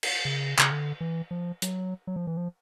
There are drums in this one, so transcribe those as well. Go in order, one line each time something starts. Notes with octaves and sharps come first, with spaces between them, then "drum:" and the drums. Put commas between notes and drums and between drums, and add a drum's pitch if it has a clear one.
drum: cymbal
C#3
C#3, drum: clap
D3
E3
F3
F#3, drum: hi-hat
F#3
F3
E3
F3